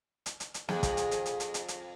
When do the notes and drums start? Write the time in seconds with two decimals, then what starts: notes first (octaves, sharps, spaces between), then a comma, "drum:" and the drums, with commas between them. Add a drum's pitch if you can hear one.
0.26 drum: hi-hat
0.40 drum: hi-hat
0.54 drum: hi-hat
0.69 F2 G#4, drum: snare
0.83 drum: kick, hi-hat
0.97 drum: hi-hat
1.11 drum: hi-hat
1.26 drum: hi-hat
1.40 drum: hi-hat
1.54 drum: hi-hat
1.68 drum: hi-hat